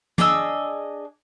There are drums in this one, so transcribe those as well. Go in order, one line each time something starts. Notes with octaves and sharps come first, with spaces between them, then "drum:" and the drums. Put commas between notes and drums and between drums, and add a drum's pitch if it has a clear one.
D4 G#4 D#5 E6, drum: tom